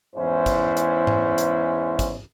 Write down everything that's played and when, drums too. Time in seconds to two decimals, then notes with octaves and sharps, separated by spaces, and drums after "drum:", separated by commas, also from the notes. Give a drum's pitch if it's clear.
0.16 E2 G#2 C#4 E4 C5
0.46 drum: kick, hi-hat
0.77 drum: hi-hat
1.07 drum: tom G#2
1.38 drum: hi-hat
1.99 drum: kick, hi-hat